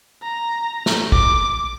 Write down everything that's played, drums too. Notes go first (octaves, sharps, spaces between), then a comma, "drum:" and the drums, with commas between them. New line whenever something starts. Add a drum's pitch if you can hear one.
A#5
drum: snare
D6, drum: kick